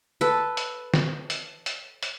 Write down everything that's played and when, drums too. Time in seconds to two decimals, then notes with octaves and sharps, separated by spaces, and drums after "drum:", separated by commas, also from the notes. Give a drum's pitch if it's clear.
0.21 A4 B4
0.57 drum: hi-hat
0.94 drum: snare
1.30 drum: hi-hat
1.66 drum: hi-hat
2.03 drum: hi-hat